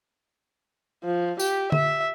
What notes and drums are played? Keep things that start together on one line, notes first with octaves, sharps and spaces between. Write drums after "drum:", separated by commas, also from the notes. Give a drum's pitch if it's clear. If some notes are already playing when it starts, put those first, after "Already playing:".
F3
G4, drum: tambourine
E5, drum: tom D3